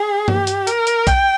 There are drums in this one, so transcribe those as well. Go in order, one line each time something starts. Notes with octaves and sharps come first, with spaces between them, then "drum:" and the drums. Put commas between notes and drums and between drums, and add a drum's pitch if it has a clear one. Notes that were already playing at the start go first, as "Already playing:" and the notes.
Already playing: G#4
G4, drum: tom G2
drum: hi-hat
A#4, drum: hi-hat
drum: hi-hat
G5, drum: kick B1, hi-hat